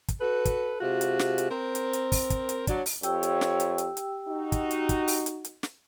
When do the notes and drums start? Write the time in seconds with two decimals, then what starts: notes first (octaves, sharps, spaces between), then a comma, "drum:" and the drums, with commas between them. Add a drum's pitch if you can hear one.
0.08 drum: kick, hi-hat
0.20 F#4 A4 B4
0.45 drum: kick, hi-hat
0.80 C3 G#3 F4 F#4
1.01 drum: hi-hat
1.19 drum: snare
1.38 drum: hi-hat
1.50 C4 A#4
1.75 drum: hi-hat
1.93 drum: hi-hat
2.12 drum: kick, open hi-hat
2.30 drum: kick, hi-hat
2.49 drum: hi-hat
2.67 F#3 D4, drum: kick, hi-hat
2.86 drum: open hi-hat
3.03 F2 G4 C#5 G5 E6, drum: hi-hat
3.23 drum: hi-hat
3.41 drum: snare
3.60 drum: hi-hat
3.78 drum: hi-hat
3.97 drum: hi-hat
4.28 D#4 F#4
4.52 drum: kick, hi-hat
4.71 drum: hi-hat
4.89 drum: kick, hi-hat
5.08 drum: open hi-hat
5.26 drum: hi-hat
5.45 drum: hi-hat
5.63 drum: snare